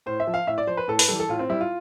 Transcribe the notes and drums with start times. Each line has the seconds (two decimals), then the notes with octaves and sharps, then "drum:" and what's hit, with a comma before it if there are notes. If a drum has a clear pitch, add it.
0.06 A2 C5
0.20 E5
0.27 F3
0.34 F5
0.47 A2 E5
0.58 D5
0.67 F3 C5
0.77 B4
0.88 A2 A4
0.99 B4, drum: open hi-hat
1.08 E3 G3 A4
1.20 A4
1.29 A2 F4
1.39 C4
1.49 G3 E4
1.61 F4